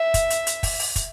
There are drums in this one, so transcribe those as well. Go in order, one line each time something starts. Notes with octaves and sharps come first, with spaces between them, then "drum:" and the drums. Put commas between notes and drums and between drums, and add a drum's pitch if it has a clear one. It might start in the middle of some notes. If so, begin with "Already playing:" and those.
Already playing: E5
drum: kick, hi-hat
drum: hi-hat
drum: hi-hat
drum: kick, open hi-hat
drum: open hi-hat
drum: kick, hi-hat